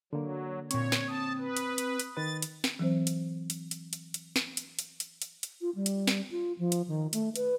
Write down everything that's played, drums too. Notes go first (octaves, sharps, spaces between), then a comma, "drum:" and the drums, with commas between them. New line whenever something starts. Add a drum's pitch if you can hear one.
D3 F#3 A#3
A#2 C4 C#5 C#6, drum: hi-hat
drum: snare
A5 D#6
B4
drum: hi-hat
drum: hi-hat
drum: hi-hat
D#3 B4 A6
drum: hi-hat
drum: snare
E3 F#3 C4 C5
drum: hi-hat
drum: hi-hat
drum: hi-hat
drum: hi-hat
drum: hi-hat
drum: snare
drum: hi-hat
drum: hi-hat
drum: hi-hat
drum: hi-hat
drum: hi-hat
F4
G3
drum: hi-hat
drum: snare
F4
F3
drum: hi-hat
D#3
A3, drum: hi-hat
B4, drum: hi-hat